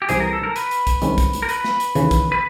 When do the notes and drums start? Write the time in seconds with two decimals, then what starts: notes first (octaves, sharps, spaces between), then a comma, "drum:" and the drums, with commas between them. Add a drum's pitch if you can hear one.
0.02 G4
0.09 C2 C3 E3 G3 C4 G#4, drum: hi-hat
0.20 A#4
0.33 A4
0.43 A#4
0.56 B4, drum: hi-hat
0.71 drum: hi-hat
0.87 drum: kick, hi-hat
1.02 C2 C3 D#3 G#3 C#4, drum: hi-hat
1.18 drum: kick, hi-hat
1.33 drum: hi-hat
1.42 A#4
1.49 B4, drum: hi-hat
1.64 drum: snare
1.80 drum: hi-hat
1.95 D#2 C#3 E3, drum: hi-hat
2.11 drum: kick, hi-hat
2.32 B4